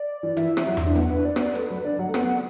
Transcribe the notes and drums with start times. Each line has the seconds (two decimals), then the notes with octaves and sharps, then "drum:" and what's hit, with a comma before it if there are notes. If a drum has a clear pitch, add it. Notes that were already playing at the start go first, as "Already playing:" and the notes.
Already playing: D5
0.23 E3
0.37 E3 E5, drum: hi-hat
0.57 drum: rim click
0.67 F#3
0.77 E4, drum: tom E2
0.86 D4
0.95 B3 F#5, drum: hi-hat
1.11 D4 B4
1.25 D5
1.36 B3, drum: rim click
1.40 D5
1.55 A3 B4, drum: hi-hat
1.70 F#3 B4
1.84 D3 D5
1.99 F#3 F#5
2.09 A3
2.14 B3 F#5, drum: rim click